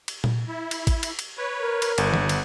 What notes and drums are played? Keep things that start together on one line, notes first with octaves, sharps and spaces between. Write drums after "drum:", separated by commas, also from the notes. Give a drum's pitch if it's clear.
drum: cymbal
drum: tom A#2
E4
drum: cymbal
drum: kick, cymbal
drum: cymbal
drum: cymbal
B4 C#5
A#4
drum: cymbal
G1 F#5, drum: cymbal
drum: tom D3
drum: cymbal